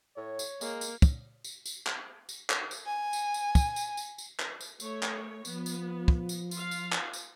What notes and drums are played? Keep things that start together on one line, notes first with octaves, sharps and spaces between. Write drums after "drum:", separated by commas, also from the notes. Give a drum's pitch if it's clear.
A2 C#5
drum: tambourine
G#3 A#3, drum: tambourine
drum: tambourine
drum: kick, tambourine
drum: tambourine
drum: tambourine
drum: clap
drum: tambourine
drum: clap
drum: tambourine
G#5
drum: tambourine
drum: tambourine
drum: kick, tambourine
drum: tambourine
drum: tambourine
drum: tambourine
drum: clap
drum: tambourine
A3 C#5, drum: tambourine
drum: clap
F3 B3, drum: tambourine
drum: tambourine
drum: kick
drum: tambourine
F4 F5, drum: tambourine
drum: tambourine
drum: clap
drum: tambourine